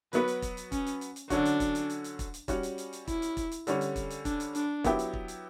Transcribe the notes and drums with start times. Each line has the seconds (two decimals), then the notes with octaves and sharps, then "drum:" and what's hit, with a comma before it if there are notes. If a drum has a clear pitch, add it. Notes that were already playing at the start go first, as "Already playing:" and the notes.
0.13 F#3 B3 F#4 B4, drum: hi-hat
0.28 drum: hi-hat
0.42 drum: kick, hi-hat
0.57 drum: hi-hat
0.72 C#4, drum: kick, hi-hat
0.86 drum: hi-hat
1.01 drum: hi-hat
1.16 drum: hi-hat
1.30 D3 F#3 C#4 D4 F#4, drum: kick, hi-hat
1.45 drum: hi-hat
1.60 drum: kick, hi-hat
1.75 drum: hi-hat
1.90 drum: hi-hat
2.04 drum: hi-hat
2.19 drum: kick, hi-hat
2.34 drum: hi-hat
2.48 G3 C#4 F#4, drum: kick, hi-hat
2.63 drum: hi-hat
2.78 drum: hi-hat
2.93 drum: hi-hat
3.08 E4, drum: kick, hi-hat
3.22 drum: hi-hat
3.37 drum: kick, hi-hat
3.52 drum: hi-hat
3.67 D3 G3 C#4, drum: hi-hat
3.81 drum: hi-hat
3.96 drum: kick, hi-hat
4.10 drum: hi-hat
4.25 D4, drum: kick, hi-hat
4.40 drum: hi-hat
4.55 D4, drum: hi-hat
4.84 F#3 B3 E4 G4, drum: kick, hi-hat
4.99 drum: hi-hat
5.13 drum: kick
5.28 drum: hi-hat